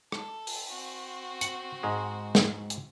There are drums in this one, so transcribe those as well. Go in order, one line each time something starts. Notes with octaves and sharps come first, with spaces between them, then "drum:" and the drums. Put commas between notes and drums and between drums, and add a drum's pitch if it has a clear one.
A4, drum: rim click
drum: open hi-hat
C4 F#4
F#5, drum: hi-hat
G#2 G#3
drum: snare
drum: hi-hat